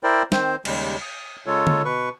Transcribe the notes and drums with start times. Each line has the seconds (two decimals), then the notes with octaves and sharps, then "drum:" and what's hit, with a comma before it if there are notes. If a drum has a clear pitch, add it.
0.03 E4 A#4 C5 D5 G5
0.32 D#3 C4 C5, drum: snare
0.65 D#2 C#3 G3 G#3, drum: cymbal
1.02 D#6
1.46 C#3 G#3 F4 A4 C#5
1.67 drum: tom D3
1.85 B2 B4 C#6